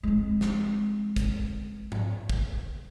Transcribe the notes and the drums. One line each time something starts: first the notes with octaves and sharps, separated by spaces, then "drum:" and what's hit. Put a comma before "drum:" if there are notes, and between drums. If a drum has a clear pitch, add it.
G#3 C4
drum: snare
drum: kick, hi-hat
drum: tom G#2
drum: kick